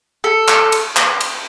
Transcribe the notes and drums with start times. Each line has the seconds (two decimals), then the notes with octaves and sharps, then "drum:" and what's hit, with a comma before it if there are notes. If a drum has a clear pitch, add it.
0.24 A4
0.48 drum: clap
0.72 drum: cymbal
0.96 drum: clap
1.21 drum: cymbal